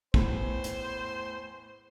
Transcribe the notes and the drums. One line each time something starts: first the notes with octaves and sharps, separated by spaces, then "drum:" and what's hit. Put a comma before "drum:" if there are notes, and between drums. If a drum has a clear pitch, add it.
E2 A2 C5, drum: kick
drum: hi-hat